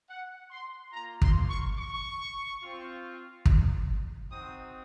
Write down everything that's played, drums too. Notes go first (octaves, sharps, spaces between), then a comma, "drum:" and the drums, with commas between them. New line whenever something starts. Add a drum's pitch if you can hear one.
F#5
C6
A#3 F4 A#5
C6, drum: kick
C#6
C#6
C4 F4
drum: kick
C4 D#4 F#4 D#6